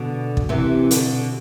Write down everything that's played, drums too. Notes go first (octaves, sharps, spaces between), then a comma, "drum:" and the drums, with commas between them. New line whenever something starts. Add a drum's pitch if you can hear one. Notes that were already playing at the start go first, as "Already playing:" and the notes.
Already playing: B2 D3
drum: kick
C3 E3
B2 D3, drum: hi-hat